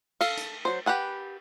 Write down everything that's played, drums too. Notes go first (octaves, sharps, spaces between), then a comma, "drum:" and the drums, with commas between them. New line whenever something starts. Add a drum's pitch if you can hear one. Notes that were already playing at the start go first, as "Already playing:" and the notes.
A4 F5, drum: cymbal
drum: hi-hat
F#3 C5
G4 B4 F#5 G#5